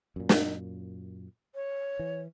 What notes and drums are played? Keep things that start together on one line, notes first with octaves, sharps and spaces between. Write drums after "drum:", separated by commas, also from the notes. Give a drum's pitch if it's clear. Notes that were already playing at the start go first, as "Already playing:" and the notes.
F#2 A#2
drum: snare
C#5
E3